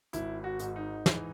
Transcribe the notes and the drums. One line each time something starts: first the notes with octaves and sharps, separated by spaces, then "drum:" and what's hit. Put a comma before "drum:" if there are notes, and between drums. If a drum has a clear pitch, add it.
G#1 E4, drum: hi-hat
F#4
G#2, drum: hi-hat
D#4
E3, drum: snare